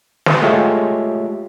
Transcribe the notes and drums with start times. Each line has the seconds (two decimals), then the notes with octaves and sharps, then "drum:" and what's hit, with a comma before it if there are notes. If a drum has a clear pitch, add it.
0.26 drum: snare
0.42 G#3 A3 F4 G4 C#5 E5